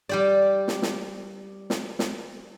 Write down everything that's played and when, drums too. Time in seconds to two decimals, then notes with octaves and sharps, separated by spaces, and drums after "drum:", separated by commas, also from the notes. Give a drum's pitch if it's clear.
0.09 G3 G4 D5
0.68 drum: snare
0.82 drum: snare
1.70 drum: snare
1.99 drum: snare